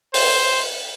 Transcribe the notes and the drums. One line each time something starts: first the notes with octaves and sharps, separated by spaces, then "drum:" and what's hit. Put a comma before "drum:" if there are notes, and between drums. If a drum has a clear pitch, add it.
C5, drum: open hi-hat